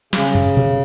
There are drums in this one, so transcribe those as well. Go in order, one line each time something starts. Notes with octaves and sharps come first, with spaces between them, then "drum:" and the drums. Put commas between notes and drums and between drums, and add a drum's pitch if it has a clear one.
C#3, drum: snare
drum: tom
drum: tom A#2